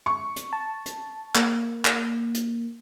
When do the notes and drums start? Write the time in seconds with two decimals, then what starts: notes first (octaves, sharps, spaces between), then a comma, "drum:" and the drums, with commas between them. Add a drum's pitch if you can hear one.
0.06 C#6
0.36 drum: hi-hat
0.53 A5
0.86 drum: hi-hat
1.35 A#3, drum: clap
1.85 drum: clap
2.34 drum: hi-hat